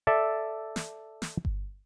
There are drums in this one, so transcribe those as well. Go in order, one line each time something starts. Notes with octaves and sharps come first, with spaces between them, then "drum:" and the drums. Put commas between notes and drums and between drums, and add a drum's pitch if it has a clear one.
A4 D5 E5
drum: snare
drum: snare
drum: kick G1